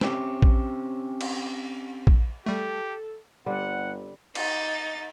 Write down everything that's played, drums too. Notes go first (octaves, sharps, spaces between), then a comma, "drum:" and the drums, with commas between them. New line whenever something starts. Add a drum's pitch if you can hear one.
C4 C#4 G4, drum: snare
drum: kick A#1
drum: cymbal
drum: kick A#1
G3 A3 G4 A4
G1 D3 G3 C4 F#5
D#4 A6, drum: cymbal